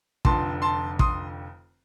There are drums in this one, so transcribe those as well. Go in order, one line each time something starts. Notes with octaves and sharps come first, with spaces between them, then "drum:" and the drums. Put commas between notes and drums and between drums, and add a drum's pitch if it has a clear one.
F1 F2 D3 A5 C6, drum: kick
A5 C6
C6 D#6, drum: kick